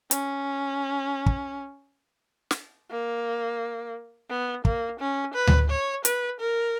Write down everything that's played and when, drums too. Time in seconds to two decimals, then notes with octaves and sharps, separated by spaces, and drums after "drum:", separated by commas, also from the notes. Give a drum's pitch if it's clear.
0.11 C#4, drum: hi-hat
1.26 drum: kick
2.51 drum: snare
2.90 A#3
4.30 B3
4.65 A#3, drum: kick
5.00 C#4
5.34 B4
5.47 drum: tom D2
5.70 C#5
6.05 B4, drum: hi-hat
6.40 A#4